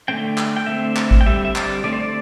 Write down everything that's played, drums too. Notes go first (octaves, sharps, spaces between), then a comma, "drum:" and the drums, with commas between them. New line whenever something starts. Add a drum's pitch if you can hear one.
D3 A3 C4 G5
drum: clap
G5
D3 A3 C4 E5
drum: clap
drum: kick G#1
G5
D3 G3 C4 E5
E5
D5, drum: clap
D3 A3 C4 D5
C5
D5